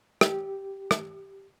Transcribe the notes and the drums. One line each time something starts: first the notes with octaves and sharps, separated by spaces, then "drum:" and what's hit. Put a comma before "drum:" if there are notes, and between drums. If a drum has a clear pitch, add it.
G4, drum: rim click
drum: rim click